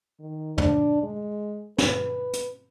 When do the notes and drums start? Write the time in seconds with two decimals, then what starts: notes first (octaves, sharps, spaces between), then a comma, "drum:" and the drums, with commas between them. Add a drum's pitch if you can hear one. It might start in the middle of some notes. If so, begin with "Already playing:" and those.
0.20 D#3
0.58 D4, drum: tom
1.03 G#3
1.78 B4, drum: snare
2.33 drum: hi-hat